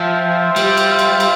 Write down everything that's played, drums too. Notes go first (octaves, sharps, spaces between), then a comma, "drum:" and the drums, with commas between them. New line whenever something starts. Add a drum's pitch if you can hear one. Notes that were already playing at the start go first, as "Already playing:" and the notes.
Already playing: F3 F4 C5 E5 G5
G3, drum: cymbal
drum: cymbal
drum: cymbal
drum: cymbal